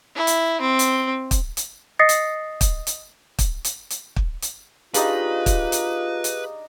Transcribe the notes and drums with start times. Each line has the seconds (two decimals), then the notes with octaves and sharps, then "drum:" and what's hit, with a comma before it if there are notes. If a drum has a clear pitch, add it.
0.16 E4
0.27 drum: hi-hat
0.61 C4
0.79 drum: hi-hat
1.31 drum: kick, hi-hat
1.57 drum: hi-hat
1.99 D#5 D#6 A6 A#6 C7 C#7
2.09 drum: hi-hat
2.61 drum: kick, hi-hat
2.87 drum: hi-hat
3.39 drum: kick, hi-hat
3.64 drum: hi-hat
3.90 drum: hi-hat
4.16 drum: kick
4.42 drum: hi-hat
4.94 D4 D#4 F4 G4 G#4 B4 D#5 F5, drum: hi-hat
5.46 drum: kick, hi-hat
5.72 drum: hi-hat
6.24 drum: hi-hat